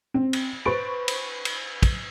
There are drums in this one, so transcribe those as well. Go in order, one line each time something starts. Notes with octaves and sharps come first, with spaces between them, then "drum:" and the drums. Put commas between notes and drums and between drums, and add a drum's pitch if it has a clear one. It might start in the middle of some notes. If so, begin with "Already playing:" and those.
C4
drum: cymbal
B4 C5 B5 C#6 A6 D7
drum: cymbal
drum: cymbal
drum: kick, cymbal